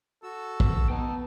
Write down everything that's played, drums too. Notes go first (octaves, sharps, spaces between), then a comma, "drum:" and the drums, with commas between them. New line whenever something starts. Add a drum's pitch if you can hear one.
F#4 A4 E6
drum: kick
B3 D#4 G5 A5